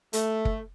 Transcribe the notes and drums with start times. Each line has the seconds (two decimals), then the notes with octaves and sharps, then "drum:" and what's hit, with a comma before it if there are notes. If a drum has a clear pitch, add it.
0.13 A3, drum: hi-hat
0.45 drum: kick